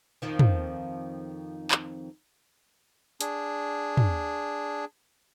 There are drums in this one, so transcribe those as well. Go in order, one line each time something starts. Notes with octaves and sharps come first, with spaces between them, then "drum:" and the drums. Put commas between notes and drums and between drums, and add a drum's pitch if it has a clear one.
F2 D#3 F3
drum: tom
drum: clap
D4 G#4, drum: hi-hat
drum: tom